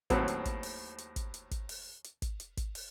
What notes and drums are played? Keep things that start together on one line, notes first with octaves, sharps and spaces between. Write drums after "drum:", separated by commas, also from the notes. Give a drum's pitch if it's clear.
D#2 A2 F#3 B3 C4, drum: kick, hi-hat
drum: hi-hat
drum: kick, hi-hat
drum: open hi-hat
drum: hi-hat
drum: kick, hi-hat
drum: hi-hat
drum: kick, hi-hat
drum: open hi-hat
drum: hi-hat
drum: kick, hi-hat
drum: hi-hat
drum: kick, hi-hat
drum: open hi-hat